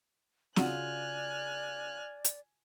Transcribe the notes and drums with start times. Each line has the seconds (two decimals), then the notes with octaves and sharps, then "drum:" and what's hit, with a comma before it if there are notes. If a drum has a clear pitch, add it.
0.56 C#3 F4 F#4 D5 F#5 G#5 F6 F#6, drum: snare
2.24 drum: hi-hat